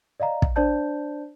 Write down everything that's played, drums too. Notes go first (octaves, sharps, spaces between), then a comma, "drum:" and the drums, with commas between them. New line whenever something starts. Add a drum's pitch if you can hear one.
D5 D#5 F5 A#5
drum: kick
D4 C5 D5 A5 G6